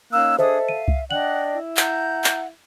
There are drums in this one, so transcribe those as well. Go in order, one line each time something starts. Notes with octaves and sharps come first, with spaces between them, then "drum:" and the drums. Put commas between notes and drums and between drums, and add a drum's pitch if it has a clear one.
A#3 C#4 D#4 E6 F#6
D4 G#4 A4 C5 D#5 E5 D#6
F5 D#7
drum: kick C2
D4 D5 D#5 F#5 G5 F#7
E4
F#5 A#5 G6, drum: clap
drum: clap